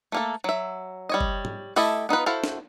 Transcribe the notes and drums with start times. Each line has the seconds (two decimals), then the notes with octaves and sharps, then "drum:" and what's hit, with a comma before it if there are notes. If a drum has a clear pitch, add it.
0.12 A3 A#3 A4
0.44 F#3 E5
1.09 G3 C#5 D#5
1.21 drum: kick F#1
1.45 drum: tom
1.76 A3 E4 G4 A4 D#5, drum: open hi-hat
2.09 B3 D#4 F4 B4
2.26 E4 F#4 A4 C5 F5
2.44 drum: snare